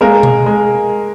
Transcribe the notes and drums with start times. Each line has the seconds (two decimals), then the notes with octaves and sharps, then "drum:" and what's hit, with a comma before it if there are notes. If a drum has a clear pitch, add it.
0.01 G#3 A#3 A#4
0.23 drum: tom B2
0.46 G#3